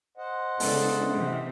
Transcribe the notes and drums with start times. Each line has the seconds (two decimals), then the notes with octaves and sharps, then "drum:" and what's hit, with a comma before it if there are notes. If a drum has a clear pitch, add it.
0.17 C5 D#5 F#5
0.60 C#3 G#3 B3 D4 E4 A4, drum: open hi-hat
1.13 C3 E3